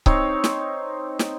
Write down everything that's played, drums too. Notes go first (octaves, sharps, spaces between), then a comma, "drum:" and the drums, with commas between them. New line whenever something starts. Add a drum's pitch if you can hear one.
C4 D#4 C#5, drum: kick C#1
drum: snare
drum: snare